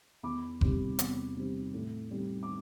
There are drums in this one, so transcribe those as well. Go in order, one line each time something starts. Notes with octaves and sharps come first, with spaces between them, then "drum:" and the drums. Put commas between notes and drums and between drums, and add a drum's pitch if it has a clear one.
E2 B5 D6
C3 G3 C4, drum: kick F#1
E2, drum: hi-hat
C3 G3 C4
A2
G3 C4
D6